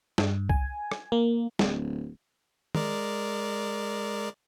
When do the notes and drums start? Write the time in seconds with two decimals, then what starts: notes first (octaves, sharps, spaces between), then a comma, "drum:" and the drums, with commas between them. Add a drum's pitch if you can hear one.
0.18 G2, drum: snare
0.49 G#5, drum: kick C2
0.92 drum: rim click
1.12 A#3
1.59 D1, drum: snare
2.75 G#3 A#4 D5, drum: tom